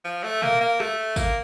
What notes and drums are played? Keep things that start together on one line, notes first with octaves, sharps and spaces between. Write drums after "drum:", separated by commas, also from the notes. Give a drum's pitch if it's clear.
F3
A3
A#3, drum: tom A#2
A#3
A3, drum: rim click
A#3, drum: kick, tambourine